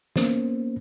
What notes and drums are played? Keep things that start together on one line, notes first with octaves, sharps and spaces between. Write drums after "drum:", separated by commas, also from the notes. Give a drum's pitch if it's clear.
A#3 B3 C#4 C5, drum: snare